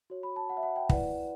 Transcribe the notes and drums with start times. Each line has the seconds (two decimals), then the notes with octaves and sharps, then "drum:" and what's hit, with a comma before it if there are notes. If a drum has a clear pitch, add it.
0.10 F#4 C#5
0.23 B5
0.36 A5
0.49 F#5
0.57 E5
0.63 F#5
0.76 G5
0.89 E4 B4 D5 F#5, drum: kick